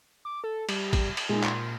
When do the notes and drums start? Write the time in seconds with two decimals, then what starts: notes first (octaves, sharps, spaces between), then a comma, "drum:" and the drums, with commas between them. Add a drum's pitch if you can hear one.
0.25 D6
0.44 A4
0.69 G3, drum: cymbal
0.93 drum: kick, cymbal
1.17 drum: cymbal
1.29 A#2 G#3 D#4
1.44 C6, drum: clap